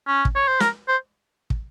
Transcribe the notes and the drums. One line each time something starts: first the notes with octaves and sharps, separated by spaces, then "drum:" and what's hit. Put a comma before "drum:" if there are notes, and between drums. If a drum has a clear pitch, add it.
C#4
drum: kick
C#5
C5
A#4, drum: snare
C5
drum: kick